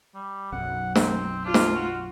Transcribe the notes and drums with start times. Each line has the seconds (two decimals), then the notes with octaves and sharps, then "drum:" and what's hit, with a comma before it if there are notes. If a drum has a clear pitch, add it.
0.15 G3
0.52 B1 F#2 F#5
0.95 C4, drum: snare
1.45 D4 F4
1.54 drum: snare
1.74 F#4